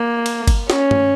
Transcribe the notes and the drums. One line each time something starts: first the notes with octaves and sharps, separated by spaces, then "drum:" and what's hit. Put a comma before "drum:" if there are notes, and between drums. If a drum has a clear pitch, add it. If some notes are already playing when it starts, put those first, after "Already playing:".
Already playing: A#3
drum: cymbal
drum: kick G1, cymbal
C#4, drum: snare
drum: tom